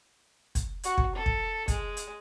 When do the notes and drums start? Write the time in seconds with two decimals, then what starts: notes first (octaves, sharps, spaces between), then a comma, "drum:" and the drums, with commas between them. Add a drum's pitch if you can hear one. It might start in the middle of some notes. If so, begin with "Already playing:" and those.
0.55 drum: kick, hi-hat
0.83 F#4, drum: hi-hat
0.98 drum: kick
1.15 A4
1.26 drum: kick
1.68 G#3, drum: kick, hi-hat
1.97 drum: hi-hat